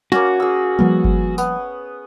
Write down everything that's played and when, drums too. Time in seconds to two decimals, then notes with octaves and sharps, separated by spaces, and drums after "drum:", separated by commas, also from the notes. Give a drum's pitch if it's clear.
0.12 A#3 C#4 F#4, drum: snare
0.40 G#4 E6
0.79 F3 G3 A#3 B3
1.04 drum: kick G1
1.38 B3, drum: tambourine